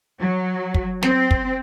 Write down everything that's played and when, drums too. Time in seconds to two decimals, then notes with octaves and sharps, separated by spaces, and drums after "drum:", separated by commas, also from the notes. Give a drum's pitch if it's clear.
0.20 F#3
0.74 drum: kick
1.03 C4, drum: snare
1.31 drum: kick